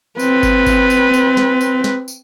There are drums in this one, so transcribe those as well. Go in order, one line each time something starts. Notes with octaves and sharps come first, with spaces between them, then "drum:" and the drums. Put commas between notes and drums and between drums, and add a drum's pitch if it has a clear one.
C4 B4, drum: tambourine
drum: kick G1, tambourine
drum: kick G1, tambourine
drum: tambourine
drum: tambourine
drum: snare
drum: tambourine
drum: snare
drum: tambourine